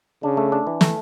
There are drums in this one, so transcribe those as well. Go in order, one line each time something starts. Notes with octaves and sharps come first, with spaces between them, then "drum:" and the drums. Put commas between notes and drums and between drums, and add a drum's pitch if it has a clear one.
C#3 D4
A3
D4
E3
A3, drum: snare